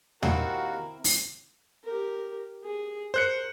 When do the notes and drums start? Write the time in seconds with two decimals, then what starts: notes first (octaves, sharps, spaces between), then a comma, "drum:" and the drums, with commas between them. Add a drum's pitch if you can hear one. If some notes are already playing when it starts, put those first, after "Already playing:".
0.23 D#2 C4 E4 F#4 A#4, drum: tom
1.04 drum: open hi-hat
1.84 G4 A#4
2.64 G#4
3.14 A#4 C5 F#6 C#7